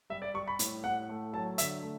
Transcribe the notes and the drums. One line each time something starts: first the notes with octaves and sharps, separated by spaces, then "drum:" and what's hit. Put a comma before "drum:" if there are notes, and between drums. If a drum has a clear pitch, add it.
G3 E5
D5
G3 C#6
B5
A2, drum: hi-hat
A2 F#5
A3
F#3 A5
D3 E5, drum: hi-hat
A3